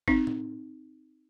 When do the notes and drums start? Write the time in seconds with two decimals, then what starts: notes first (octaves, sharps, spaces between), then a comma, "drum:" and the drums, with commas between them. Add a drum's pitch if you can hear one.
0.08 C4 D#4, drum: kick
0.27 drum: tom A2